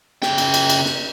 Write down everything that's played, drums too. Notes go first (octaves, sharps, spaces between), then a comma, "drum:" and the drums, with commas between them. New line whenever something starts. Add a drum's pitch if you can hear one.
C#3 G5, drum: snare
drum: cymbal
drum: cymbal
drum: cymbal
drum: snare